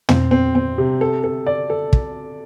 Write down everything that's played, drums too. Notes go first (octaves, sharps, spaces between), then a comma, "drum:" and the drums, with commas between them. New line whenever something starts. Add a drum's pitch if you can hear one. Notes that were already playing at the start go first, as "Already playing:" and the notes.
C4, drum: tom
C4
C4
C3
A4
A4
D5
A4
drum: kick